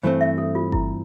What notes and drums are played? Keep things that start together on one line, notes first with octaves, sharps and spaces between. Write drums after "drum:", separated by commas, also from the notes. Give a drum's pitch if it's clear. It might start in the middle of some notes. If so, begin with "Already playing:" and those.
G2 E3 A3 C4 C5
E5
A4
F4
E4, drum: kick G1